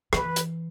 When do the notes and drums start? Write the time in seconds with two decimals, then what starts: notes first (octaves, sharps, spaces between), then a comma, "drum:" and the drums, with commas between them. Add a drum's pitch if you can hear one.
0.13 E3 B4, drum: rim click
0.36 drum: hi-hat